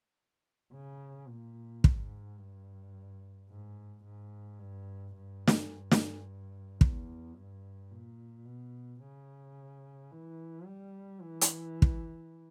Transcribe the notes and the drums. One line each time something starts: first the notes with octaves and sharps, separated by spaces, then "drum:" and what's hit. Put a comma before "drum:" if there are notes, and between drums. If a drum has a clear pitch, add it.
C#3
A#2
G#2, drum: kick
G2
G#2
G#2
G2
G2
drum: snare
G2
drum: snare
E2, drum: kick
G2
A#2
B2
C#3
E3
G3
E3
drum: hi-hat
drum: kick